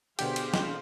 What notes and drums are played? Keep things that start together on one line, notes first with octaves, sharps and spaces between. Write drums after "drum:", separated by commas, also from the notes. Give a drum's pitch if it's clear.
B2 D3 G4 G#4 C5 F5 B6, drum: cymbal
drum: cymbal
drum: snare